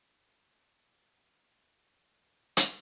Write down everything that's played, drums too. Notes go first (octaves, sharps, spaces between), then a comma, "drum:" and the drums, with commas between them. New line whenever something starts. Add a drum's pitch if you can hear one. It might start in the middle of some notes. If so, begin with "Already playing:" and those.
C5 C#5 E5 A5
drum: hi-hat